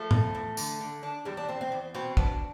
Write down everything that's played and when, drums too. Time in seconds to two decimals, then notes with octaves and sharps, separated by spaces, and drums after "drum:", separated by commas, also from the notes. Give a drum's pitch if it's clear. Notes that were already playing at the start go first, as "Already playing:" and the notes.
Already playing: F3 A3
0.11 F2, drum: tom A2
0.35 E2
0.57 D3, drum: tambourine
0.81 D3
1.03 D4
1.25 E2 G3
1.37 D4
1.48 E2 C4
1.61 C4
1.72 E2
1.95 B2 C4
2.17 B3 D4, drum: kick